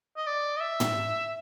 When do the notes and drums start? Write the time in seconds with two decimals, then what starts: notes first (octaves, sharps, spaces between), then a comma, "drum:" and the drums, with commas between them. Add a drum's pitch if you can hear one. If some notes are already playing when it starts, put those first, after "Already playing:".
0.17 D#5
0.26 D5
0.56 D#5
0.60 E5
0.80 drum: tom